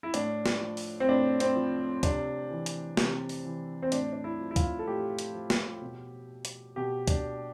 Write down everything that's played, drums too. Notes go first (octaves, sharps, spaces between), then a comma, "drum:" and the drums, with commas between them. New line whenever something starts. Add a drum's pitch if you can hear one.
E4
A2 D4, drum: hi-hat
drum: snare
F3
drum: open hi-hat
C4
A2 D4
C4, drum: hi-hat
F3
C3 D4, drum: kick C#2, hi-hat
E3
drum: hi-hat
C3, drum: snare
drum: open hi-hat
E3
C4
A2 D4, drum: hi-hat
D4
E4
F3
E4
F4, drum: kick C#2, hi-hat
A4
A2 G4
drum: hi-hat
F3
drum: snare
B2
drum: hi-hat
B2 G4
D4, drum: kick C#2, hi-hat